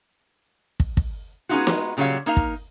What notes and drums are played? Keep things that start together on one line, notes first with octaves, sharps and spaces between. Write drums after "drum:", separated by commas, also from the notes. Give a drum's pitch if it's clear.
drum: kick
drum: kick
G#3 B3 C#4 D#4 F4 F#4
drum: snare
A#2 C#3 F#3 G3 C#5 F5
A#3 D#4 A#4 F5
drum: kick